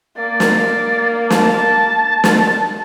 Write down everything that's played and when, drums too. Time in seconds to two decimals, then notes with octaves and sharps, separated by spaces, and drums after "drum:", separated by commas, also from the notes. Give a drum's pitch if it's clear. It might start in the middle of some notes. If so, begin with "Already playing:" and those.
0.17 A#3 D5
0.40 drum: snare
1.30 A5, drum: snare
2.24 drum: snare